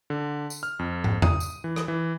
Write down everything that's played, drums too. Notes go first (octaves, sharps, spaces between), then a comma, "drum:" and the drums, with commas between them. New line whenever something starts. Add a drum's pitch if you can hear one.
D3
drum: tambourine
F6
F2
drum: tom
D#6, drum: tom E2
drum: tambourine
E3
drum: rim click
E3